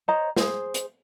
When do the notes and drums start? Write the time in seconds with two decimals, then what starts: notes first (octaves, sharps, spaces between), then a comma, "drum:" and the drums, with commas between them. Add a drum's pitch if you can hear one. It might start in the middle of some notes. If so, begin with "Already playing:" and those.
0.08 C5 C#5 D#5 A#5
0.36 G#4 C5, drum: snare
0.74 drum: hi-hat